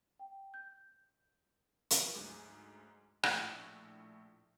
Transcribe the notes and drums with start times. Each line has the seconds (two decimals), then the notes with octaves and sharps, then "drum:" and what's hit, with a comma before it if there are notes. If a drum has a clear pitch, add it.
0.19 G5
0.54 G6
1.90 drum: hi-hat
2.14 D2 G#2 F#3 G#4 G#5 D6
3.23 A#1 A2 A3, drum: rim click